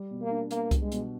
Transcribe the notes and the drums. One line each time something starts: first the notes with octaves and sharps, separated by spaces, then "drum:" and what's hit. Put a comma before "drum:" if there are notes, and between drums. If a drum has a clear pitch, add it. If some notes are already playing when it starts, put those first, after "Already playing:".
Already playing: G3
B2
A#3
D4
A#3 B3, drum: hi-hat
G3, drum: kick C2, hi-hat
G#3
B2, drum: hi-hat